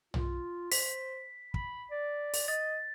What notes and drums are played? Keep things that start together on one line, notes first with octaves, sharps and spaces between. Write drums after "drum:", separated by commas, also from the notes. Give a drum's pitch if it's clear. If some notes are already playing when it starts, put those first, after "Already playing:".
F4, drum: tom
C5 B6, drum: open hi-hat
B5, drum: kick
D5
drum: open hi-hat
D#5 A6